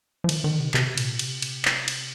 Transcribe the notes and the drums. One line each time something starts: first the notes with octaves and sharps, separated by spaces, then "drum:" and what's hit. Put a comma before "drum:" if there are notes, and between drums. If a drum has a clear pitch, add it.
F3
D#3, drum: cymbal
D#3
C3
C3, drum: clap
A#2, drum: cymbal
C3, drum: cymbal
drum: cymbal
drum: clap
drum: cymbal